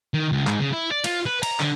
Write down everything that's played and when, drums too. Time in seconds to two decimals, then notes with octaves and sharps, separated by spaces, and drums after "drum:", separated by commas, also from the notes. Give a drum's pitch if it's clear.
0.14 D#3
0.32 C#2
0.47 G#2, drum: clap
0.60 C#3
0.73 E4
0.92 D5
1.04 F4, drum: cymbal
1.26 B4
1.43 A#5, drum: cymbal
1.60 D3, drum: clap